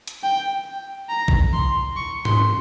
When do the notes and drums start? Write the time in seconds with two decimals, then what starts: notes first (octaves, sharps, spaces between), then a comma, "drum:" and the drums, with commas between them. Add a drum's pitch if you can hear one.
0.07 drum: hi-hat
0.23 G5
1.09 A#5
1.28 drum: kick
1.53 C6
1.96 C#6
2.25 C6, drum: tom G#2